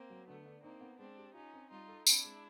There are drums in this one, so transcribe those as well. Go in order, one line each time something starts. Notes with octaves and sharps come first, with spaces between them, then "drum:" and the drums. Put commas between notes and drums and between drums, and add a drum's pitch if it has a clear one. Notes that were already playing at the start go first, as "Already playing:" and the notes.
Already playing: A#3 C4
F#3
D3 A3 B3
D4
A#3 C4 D#4
B3
G#3 C4 D4
G4
C#4 D#4 F4
C4
G3 D#4 F4
A4
C4 D4 E4, drum: tambourine
G#3